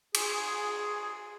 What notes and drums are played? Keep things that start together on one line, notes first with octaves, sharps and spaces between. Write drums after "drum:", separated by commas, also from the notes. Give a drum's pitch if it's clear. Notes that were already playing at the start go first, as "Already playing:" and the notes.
G#4, drum: cymbal